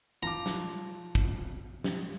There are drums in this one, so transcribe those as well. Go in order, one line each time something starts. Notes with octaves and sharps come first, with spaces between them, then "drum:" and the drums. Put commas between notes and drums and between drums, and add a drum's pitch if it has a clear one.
F3 A#5 D6
drum: snare
drum: kick
drum: snare